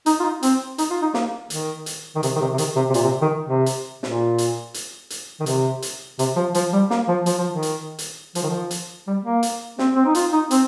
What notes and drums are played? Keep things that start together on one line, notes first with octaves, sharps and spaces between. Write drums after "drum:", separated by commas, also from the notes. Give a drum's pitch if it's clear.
D#4, drum: hi-hat
F4
D#4
C4, drum: hi-hat
D#4, drum: hi-hat
F4
D#4
A#3, drum: snare
D#3, drum: hi-hat
drum: hi-hat
D#3
C3, drum: hi-hat
D#3
C3
C3
D#3, drum: hi-hat
C3
C3
A#2, drum: hi-hat
C3
D#3
C3
drum: hi-hat
A#2, drum: snare
drum: hi-hat
drum: hi-hat
drum: hi-hat
D#3
C3, drum: hi-hat
drum: hi-hat
C3, drum: hi-hat
F3
F3, drum: hi-hat
G3
A#3, drum: snare
F3
F3, drum: hi-hat
F3
D#3
drum: hi-hat
drum: hi-hat
F3, drum: hi-hat
D#3
F3
drum: hi-hat
G3
A#3
drum: hi-hat
C4, drum: snare
C4
D#4
F4, drum: hi-hat
D#4
C4, drum: hi-hat